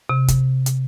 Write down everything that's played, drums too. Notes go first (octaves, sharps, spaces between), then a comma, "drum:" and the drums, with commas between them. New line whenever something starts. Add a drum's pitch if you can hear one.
C3
drum: kick, hi-hat
drum: hi-hat